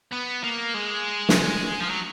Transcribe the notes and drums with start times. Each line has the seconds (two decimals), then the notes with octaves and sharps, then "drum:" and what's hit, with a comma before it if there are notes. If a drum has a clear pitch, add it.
0.12 B3
0.44 A#3
0.74 G#3
1.29 drum: snare
1.81 F3
1.90 F#3